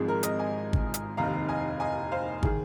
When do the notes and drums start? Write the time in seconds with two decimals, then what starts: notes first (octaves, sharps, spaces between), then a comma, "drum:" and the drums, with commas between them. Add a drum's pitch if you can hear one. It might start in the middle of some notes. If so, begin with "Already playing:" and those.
Already playing: G#1 G#2 F3 G#3 C4 G#4
0.08 A#4
0.23 A#4 D#5, drum: hi-hat
0.39 D#5 G#5
0.73 drum: kick
0.94 drum: hi-hat
1.17 F1 D#2 D#3 C4 D#4 F5 A#5
1.49 D#5 G#5
1.80 D#5 G#5
2.12 C5 F5
2.43 D#3 G#4, drum: kick